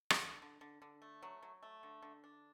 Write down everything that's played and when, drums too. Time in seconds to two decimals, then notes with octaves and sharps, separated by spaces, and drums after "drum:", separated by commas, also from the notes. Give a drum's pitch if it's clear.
0.10 drum: rim click
0.21 D3
0.42 D3
0.61 D3
0.82 D3
1.02 A3
1.23 F#3
1.43 F#3
1.63 A3
1.83 D3
2.02 D3
2.24 D4